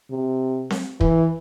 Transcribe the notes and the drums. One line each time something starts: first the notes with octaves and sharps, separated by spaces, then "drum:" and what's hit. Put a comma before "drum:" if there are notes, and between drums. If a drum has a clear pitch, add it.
C3
drum: snare C4
E3, drum: kick